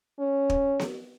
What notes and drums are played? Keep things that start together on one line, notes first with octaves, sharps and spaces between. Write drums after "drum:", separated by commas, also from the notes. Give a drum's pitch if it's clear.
C#4
drum: kick
drum: snare B3